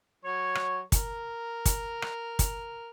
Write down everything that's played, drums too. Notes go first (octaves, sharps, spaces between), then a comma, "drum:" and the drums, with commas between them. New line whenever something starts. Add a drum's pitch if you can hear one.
F#3 C#5 C#6
drum: rim click
A#4, drum: kick, hi-hat
drum: kick, hi-hat
drum: rim click
drum: kick, hi-hat